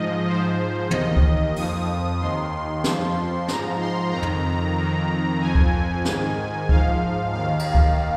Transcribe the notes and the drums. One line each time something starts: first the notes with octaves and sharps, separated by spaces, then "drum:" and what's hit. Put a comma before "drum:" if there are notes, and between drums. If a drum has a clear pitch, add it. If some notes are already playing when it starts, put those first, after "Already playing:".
Already playing: G#2 F3 D#5
G#2 F3 C5
D#2 D#3 D#5, drum: tom
drum: kick C#2
F2 F3 D#6, drum: open hi-hat
D#2 D#3 C6
F2 F3, drum: snare
G#2 F3 A#5, drum: snare
C6
F2 D#3 A#5
drum: tom
F2 D#3
F2 F3 G#5
drum: kick C#2
G#2 D#3, drum: snare
G#2 F3 F5, drum: kick C#2
D#2 D#3 F5
drum: cymbal
drum: kick C#2